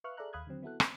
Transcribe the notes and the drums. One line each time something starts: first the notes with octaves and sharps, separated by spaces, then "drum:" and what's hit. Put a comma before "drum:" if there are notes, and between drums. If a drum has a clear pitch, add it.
B4 E5 F5 C#6 F6 F#6
G#4 A4 D5 E5 A#5 F#6
D#2 F5 B5 D#6 F#6 G#6
D3 D#3 F#3 C4
B3 E4 F#4 A4 F#6
C4, drum: rim click